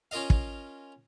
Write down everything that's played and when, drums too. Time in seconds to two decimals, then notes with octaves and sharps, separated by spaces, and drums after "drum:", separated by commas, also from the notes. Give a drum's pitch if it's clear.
0.11 C#4 F4 A#4 D#5 F5
0.30 drum: kick